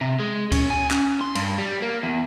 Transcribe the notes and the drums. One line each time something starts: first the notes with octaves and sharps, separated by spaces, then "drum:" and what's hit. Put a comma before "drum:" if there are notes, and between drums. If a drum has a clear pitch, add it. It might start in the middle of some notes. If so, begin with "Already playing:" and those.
C3
G#3
C#4, drum: kick C#2, cymbal
G#5
C#4, drum: clap
C6
G2, drum: cymbal
G3
A#3
E2